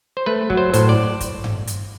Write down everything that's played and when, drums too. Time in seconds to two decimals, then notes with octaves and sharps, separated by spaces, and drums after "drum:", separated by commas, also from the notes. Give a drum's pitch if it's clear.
0.17 C5
0.26 A3 B4
0.50 F#3, drum: kick
0.57 C5
0.74 A2 C5, drum: hi-hat
0.89 D5
1.21 drum: kick, hi-hat
1.44 drum: tom G2
1.67 drum: hi-hat